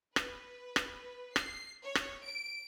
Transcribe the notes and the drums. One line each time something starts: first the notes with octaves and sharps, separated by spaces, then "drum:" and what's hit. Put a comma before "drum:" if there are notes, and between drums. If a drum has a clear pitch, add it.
B4, drum: rim click
drum: rim click
C7, drum: rim click
C#5
drum: rim click
D7